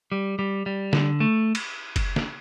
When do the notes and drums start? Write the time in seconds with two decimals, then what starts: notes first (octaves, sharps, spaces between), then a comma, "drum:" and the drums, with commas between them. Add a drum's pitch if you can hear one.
0.12 G3
0.39 G3
0.66 G3
0.93 D3, drum: snare
1.20 A3
1.55 drum: cymbal
1.96 drum: kick F#1, cymbal
2.16 drum: snare